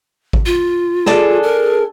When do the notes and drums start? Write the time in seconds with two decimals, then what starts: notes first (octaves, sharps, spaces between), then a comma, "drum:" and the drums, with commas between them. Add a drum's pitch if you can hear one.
0.33 drum: kick G#1
0.46 F4
1.06 D4 G#4 A4, drum: snare
1.43 A#4